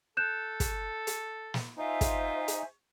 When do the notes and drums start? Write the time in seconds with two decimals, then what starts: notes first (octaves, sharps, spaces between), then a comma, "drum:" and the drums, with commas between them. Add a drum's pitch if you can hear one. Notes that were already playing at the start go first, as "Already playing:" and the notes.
0.17 A4 F#6 G6 E7
0.60 drum: kick, hi-hat
1.07 drum: hi-hat
1.54 drum: snare
1.77 D#4 F4 C5 E5 G#5
2.01 drum: kick, hi-hat
2.48 drum: hi-hat